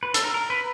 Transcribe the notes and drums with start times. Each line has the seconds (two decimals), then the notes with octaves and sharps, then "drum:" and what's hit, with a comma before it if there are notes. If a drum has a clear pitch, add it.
0.03 B4
0.14 A4, drum: hi-hat
0.24 A#4
0.34 A#4
0.50 B4